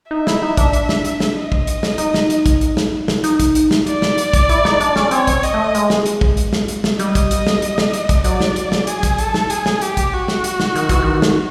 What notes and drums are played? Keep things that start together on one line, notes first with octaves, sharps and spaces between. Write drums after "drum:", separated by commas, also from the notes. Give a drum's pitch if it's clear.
D#4 E5
E4, drum: snare
D#4
D4, drum: kick, hi-hat
drum: hi-hat
drum: snare
drum: hi-hat
drum: snare
D#5
drum: kick
drum: hi-hat
drum: snare
D#4, drum: hi-hat
drum: snare
drum: hi-hat
drum: kick, hi-hat
drum: hi-hat
drum: snare
drum: snare
D#4, drum: hi-hat
drum: kick, hi-hat
drum: hi-hat
drum: snare
D5, drum: hi-hat
drum: snare
drum: hi-hat
drum: kick, hi-hat
E4, drum: hi-hat
D#4, drum: snare
D4, drum: hi-hat
C#4, drum: snare
C4 C#5, drum: hi-hat
drum: kick, hi-hat
D#5, drum: hi-hat
A3
G#3, drum: hi-hat
drum: snare
drum: hi-hat
drum: kick
drum: hi-hat
drum: snare
drum: hi-hat
drum: snare
G3 D#5, drum: hi-hat
drum: kick, hi-hat
drum: hi-hat
drum: snare
drum: hi-hat
drum: snare
drum: hi-hat
drum: kick, hi-hat
F#3 D5, drum: hi-hat
drum: snare
drum: hi-hat
drum: snare
G#4, drum: hi-hat
drum: kick, hi-hat
A4, drum: hi-hat
drum: snare
G#4, drum: hi-hat
drum: snare
G4, drum: hi-hat
drum: kick, hi-hat
F#4
drum: snare
drum: hi-hat
drum: snare
D#3, drum: hi-hat
E3, drum: kick, hi-hat
D#3
drum: snare